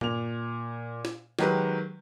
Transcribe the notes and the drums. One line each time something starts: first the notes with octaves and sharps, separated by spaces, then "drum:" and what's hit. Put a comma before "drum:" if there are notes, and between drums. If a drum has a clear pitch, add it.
A#2 F7, drum: tom G2
drum: snare
D#3 F#3 G#3 G4 A#4 B4, drum: snare